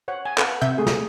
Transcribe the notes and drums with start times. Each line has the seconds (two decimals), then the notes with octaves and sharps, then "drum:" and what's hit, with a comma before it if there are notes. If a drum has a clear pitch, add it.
0.08 C5 C#5 F#5
0.25 G#5
0.38 A4 B4 F5 F#5, drum: clap
0.61 C3 E5 G6
0.77 A3 G#4 A4
0.87 drum: snare